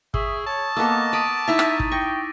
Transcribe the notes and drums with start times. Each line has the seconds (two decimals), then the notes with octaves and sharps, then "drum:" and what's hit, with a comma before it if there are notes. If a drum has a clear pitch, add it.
0.14 G#4 E5 C#6 D#6 E6, drum: kick
0.46 C#5 A5
0.76 A#3 B3 A4 D#5 D6 E6
1.13 B5 D#6 D7 D#7
1.48 D#4 E4 E5 A#5 A6 B6
1.59 drum: rim click
1.80 drum: kick
1.92 G5 C#6 A#6